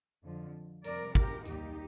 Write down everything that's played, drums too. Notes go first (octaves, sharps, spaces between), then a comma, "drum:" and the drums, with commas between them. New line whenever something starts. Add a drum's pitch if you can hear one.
F2 D3 F3
F2 C3 G3 A#4 D5, drum: tambourine
G4 A#4, drum: kick
D#2 D#3 G3 D#4 G4, drum: tambourine